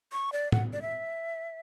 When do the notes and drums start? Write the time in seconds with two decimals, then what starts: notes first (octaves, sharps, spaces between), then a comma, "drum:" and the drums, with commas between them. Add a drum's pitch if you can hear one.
0.12 C#6
0.33 D5
0.52 F#5, drum: tom A2
0.73 D5
0.82 E5